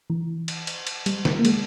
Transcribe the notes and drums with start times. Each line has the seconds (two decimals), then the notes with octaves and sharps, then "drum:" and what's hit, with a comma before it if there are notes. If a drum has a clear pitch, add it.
0.10 E3
0.48 drum: cymbal
0.67 drum: cymbal
0.87 drum: cymbal
1.06 G3, drum: cymbal
1.25 drum: snare
1.39 A#3
1.45 G#3, drum: cymbal